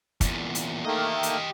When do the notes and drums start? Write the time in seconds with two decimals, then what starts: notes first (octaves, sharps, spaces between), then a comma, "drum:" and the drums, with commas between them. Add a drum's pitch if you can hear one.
0.21 E2 A#2, drum: kick, hi-hat
0.55 drum: hi-hat
0.85 D#3 A3 A#3 G4 D#5
1.23 drum: hi-hat